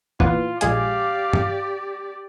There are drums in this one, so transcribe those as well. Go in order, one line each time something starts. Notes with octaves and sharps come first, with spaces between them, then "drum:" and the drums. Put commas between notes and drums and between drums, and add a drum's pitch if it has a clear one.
A#2 E3 B3 F4, drum: kick
A#1 G#3 G4 D5 F5 G#5, drum: hi-hat
drum: tom G2